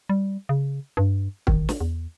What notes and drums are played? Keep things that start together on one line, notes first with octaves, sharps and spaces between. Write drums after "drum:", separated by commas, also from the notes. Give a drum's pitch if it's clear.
G3
C#3
G2
D#3, drum: kick
drum: snare
E2